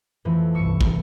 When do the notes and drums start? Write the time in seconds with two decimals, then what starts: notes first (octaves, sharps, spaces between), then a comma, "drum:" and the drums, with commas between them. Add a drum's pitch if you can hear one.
0.25 F2 E3 A3
0.55 G1 C2 C#6 E6 C#7
0.81 drum: kick